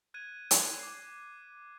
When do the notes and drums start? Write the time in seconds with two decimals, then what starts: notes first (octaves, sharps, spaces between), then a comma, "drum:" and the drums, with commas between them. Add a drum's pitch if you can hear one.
0.14 F#6 G#6 D#7
0.51 drum: hi-hat
0.80 D6 C7